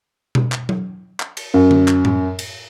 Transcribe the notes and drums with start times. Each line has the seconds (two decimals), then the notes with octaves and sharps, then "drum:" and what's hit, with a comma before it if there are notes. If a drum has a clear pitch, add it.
0.35 drum: tom B2
0.52 drum: clap
0.69 drum: tom F#3
1.20 drum: clap
1.37 drum: cymbal
1.54 F#2
1.71 drum: tom D3
1.88 drum: clap
2.05 drum: tom A2
2.39 drum: cymbal